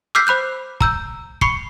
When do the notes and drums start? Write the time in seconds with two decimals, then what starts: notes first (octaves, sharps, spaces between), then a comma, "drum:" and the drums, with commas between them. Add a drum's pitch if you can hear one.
0.15 D6 E6 F6 G6 B6 C7
0.27 C5 B5 F#6 G6
0.81 A#5 E6 G6, drum: kick
1.41 B5 C#6 C7 C#7, drum: kick